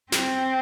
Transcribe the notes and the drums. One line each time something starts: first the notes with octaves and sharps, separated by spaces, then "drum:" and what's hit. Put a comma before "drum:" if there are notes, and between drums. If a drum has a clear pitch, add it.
C4, drum: snare